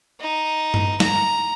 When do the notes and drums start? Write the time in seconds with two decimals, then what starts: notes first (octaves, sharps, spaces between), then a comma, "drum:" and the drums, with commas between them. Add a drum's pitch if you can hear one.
0.20 D#4
0.74 drum: tom G2
1.00 A#5, drum: snare